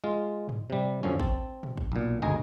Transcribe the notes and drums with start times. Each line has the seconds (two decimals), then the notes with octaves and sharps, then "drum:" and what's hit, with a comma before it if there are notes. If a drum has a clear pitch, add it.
0.04 G#3 F4
0.49 drum: tom
0.70 C3 G3
1.03 F#2 D3 F3 C#4, drum: tom
1.20 C4 A5, drum: kick
1.63 drum: tom
1.77 drum: kick
1.92 B1 A#2
2.22 G#1 D2 G#3 G#4 G#5 A#5, drum: tom